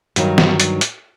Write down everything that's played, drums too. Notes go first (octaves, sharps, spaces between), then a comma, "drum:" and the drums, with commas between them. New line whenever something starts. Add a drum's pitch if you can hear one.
G2 D#3 F#3, drum: hi-hat
drum: snare
drum: hi-hat
drum: hi-hat